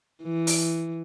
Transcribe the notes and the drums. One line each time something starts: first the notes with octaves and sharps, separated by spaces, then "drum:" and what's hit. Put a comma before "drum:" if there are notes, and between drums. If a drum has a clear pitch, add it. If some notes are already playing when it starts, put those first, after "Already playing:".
E3
drum: open hi-hat